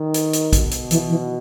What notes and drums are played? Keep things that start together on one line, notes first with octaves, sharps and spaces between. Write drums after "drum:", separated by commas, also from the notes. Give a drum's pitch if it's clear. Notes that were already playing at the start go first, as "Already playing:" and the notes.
Already playing: D#3
drum: hi-hat
drum: hi-hat
B2, drum: kick, hi-hat
drum: hi-hat
E3, drum: hi-hat
E3